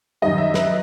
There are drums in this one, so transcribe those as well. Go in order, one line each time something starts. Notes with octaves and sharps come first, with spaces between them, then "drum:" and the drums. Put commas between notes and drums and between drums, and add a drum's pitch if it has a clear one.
F#2 D#3 G3 D#5
E5
B4, drum: snare